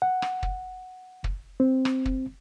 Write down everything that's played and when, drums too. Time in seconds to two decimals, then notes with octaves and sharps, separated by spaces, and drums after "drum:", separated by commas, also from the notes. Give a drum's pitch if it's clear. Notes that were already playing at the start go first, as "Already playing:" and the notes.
0.02 F#5
0.22 drum: rim click
0.43 drum: kick
1.24 drum: kick
1.60 C4
1.85 drum: rim click
2.06 drum: kick